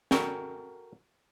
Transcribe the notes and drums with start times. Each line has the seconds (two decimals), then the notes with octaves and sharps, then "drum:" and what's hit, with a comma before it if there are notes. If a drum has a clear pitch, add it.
0.11 F#4 A4 A#4 G5 G#5, drum: snare